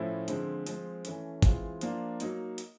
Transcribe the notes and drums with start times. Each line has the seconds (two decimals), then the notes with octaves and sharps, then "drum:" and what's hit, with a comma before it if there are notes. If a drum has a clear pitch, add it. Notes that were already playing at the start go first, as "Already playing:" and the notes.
Already playing: A2 F3 A3 C#4 E4
0.28 D3 F3 G#3 C4, drum: hi-hat
0.66 F3 G#3 C4, drum: hi-hat
1.05 E3 A3 C#4, drum: hi-hat
1.42 E3 G#3 C4 F4, drum: kick G1, hi-hat
1.81 F3 A#3 D4 F4, drum: hi-hat
2.20 F#3 A#3 D#4, drum: hi-hat
2.58 drum: hi-hat